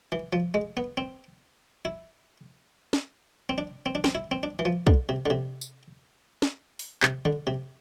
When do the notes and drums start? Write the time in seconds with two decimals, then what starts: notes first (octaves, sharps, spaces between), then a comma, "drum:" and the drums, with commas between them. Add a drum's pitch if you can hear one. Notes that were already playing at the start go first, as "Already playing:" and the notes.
0.12 E3
0.33 F3
0.54 G#3
0.77 B3
0.97 C4
1.85 E4
2.93 drum: snare
3.49 C4
3.58 D4
3.86 C4
3.95 D4
4.04 C4, drum: snare
4.15 E4
4.31 C4
4.43 D4
4.59 E3
4.65 F3
4.87 D3, drum: kick
5.09 C3
5.26 D3
5.30 C3
5.61 drum: tambourine
6.42 drum: snare
6.79 drum: open hi-hat
7.03 C3, drum: clap
7.25 D3, drum: tom D3
7.47 C3